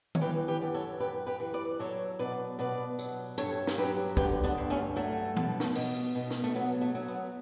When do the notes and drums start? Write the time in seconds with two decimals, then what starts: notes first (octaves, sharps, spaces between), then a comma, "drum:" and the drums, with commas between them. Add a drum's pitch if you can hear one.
0.15 C#5, drum: tom D#3
0.21 E3 G4 B4
0.48 G4 B4
0.62 F#2
0.74 A4 C#5
1.00 F#2 G4 B4
1.26 G4 B4
1.40 E3
1.54 B4 D5
1.79 F#3 A4 C#5
2.19 B2 B4 D5
2.59 B2 B4 D5
2.99 F#3, drum: tambourine
3.38 G2 A4 C#5, drum: hi-hat
3.67 drum: snare
3.78 F#3 G4 B4
4.17 D3 G4 B4, drum: kick
4.43 B3 D4
4.58 G2
4.70 A3 C#4
4.96 F#3 A3
5.37 B2, drum: tom E3
5.60 drum: snare
5.75 B2, drum: open hi-hat
6.15 B2
6.31 drum: snare
6.44 A3
6.55 F#3 B3
6.81 A3
6.95 F#3
7.08 B3